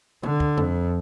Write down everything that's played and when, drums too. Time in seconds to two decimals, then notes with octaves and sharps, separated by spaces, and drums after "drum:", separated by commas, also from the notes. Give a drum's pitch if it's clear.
0.23 D3, drum: tom C3
0.40 drum: kick
0.58 F2, drum: tom C3